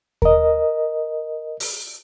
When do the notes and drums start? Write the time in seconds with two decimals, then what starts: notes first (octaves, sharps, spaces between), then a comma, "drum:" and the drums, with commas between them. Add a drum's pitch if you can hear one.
0.22 A#4 D#5, drum: kick D#2
1.60 drum: open hi-hat